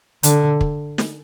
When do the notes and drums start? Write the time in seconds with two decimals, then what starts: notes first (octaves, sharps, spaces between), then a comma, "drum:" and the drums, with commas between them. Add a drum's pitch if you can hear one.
0.23 D3, drum: hi-hat
0.61 drum: kick
0.98 drum: snare